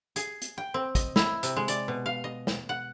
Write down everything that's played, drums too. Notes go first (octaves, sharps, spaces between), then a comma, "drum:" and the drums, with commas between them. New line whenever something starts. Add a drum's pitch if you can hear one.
G#4, drum: hi-hat
drum: hi-hat
G5
C4
D#5, drum: kick, hi-hat
E4, drum: snare
C3, drum: hi-hat
G#3
D5, drum: hi-hat
B2
F5
D#5
drum: snare
F#5